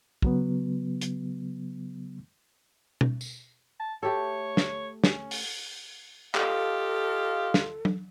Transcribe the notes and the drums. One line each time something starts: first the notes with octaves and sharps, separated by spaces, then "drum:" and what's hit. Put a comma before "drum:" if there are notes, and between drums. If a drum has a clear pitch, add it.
C#3 F#3 B3, drum: kick
drum: hi-hat
drum: tom B2
drum: tambourine
A5
A3 G4 A4 C#5
drum: snare
C#4, drum: snare
drum: open hi-hat
F4 G4 A4 D#5 F5, drum: clap
drum: snare
drum: tom F#3